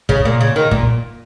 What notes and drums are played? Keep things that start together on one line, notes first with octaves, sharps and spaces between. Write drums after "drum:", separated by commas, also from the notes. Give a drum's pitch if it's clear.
C#3, drum: kick
A#2
C#3
D#3
A#2, drum: kick